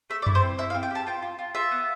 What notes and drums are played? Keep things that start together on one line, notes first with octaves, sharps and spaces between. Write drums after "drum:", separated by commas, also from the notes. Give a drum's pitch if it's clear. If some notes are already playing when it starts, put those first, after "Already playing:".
A3 E5
D5
E4, drum: tom F#2
C5
C4
E4 E5
F5
C4
G5
G4 A5
F4 G5
F4
F4
F4 E5
B3